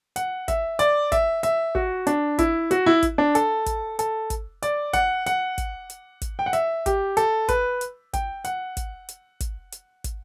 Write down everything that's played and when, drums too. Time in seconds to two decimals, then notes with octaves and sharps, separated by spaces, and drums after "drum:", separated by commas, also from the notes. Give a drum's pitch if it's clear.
0.16 F#5, drum: hi-hat
0.48 E5, drum: kick, hi-hat
0.79 D5, drum: hi-hat
1.12 E5, drum: kick, hi-hat
1.43 E5, drum: hi-hat
1.75 F#4, drum: kick
2.07 D4, drum: hi-hat
2.39 E4, drum: kick, hi-hat
2.71 F#4, drum: hi-hat
2.86 E4
3.03 drum: kick, hi-hat
3.18 D4
3.35 A4, drum: hi-hat
3.66 drum: kick, hi-hat
3.99 A4, drum: hi-hat
4.30 drum: kick, hi-hat
4.63 D5, drum: hi-hat
4.93 F#5, drum: kick, hi-hat
5.26 F#5, drum: hi-hat
5.58 drum: kick, hi-hat
5.90 drum: hi-hat
6.22 drum: kick, hi-hat
6.39 G5
6.46 F#5
6.53 E5, drum: hi-hat
6.86 G4, drum: kick, hi-hat
7.17 A4, drum: hi-hat
7.48 B4, drum: kick, hi-hat
7.81 drum: hi-hat
8.13 G5, drum: kick, hi-hat
8.45 F#5, drum: hi-hat
8.77 drum: kick, hi-hat
9.09 drum: hi-hat
9.40 drum: kick, hi-hat
9.72 drum: hi-hat
10.04 drum: kick, hi-hat